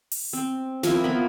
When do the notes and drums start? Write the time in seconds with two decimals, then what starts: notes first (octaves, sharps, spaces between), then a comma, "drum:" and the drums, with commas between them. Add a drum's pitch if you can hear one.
0.12 drum: open hi-hat
0.33 C4
0.83 F3 A#3 C4 E4, drum: snare
1.04 A#3 B3 B5